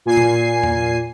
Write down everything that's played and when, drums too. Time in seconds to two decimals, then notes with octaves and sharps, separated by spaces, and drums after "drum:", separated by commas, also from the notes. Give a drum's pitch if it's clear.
0.06 A#2 G#5 C7
0.17 drum: tom A#2
0.63 drum: tom E2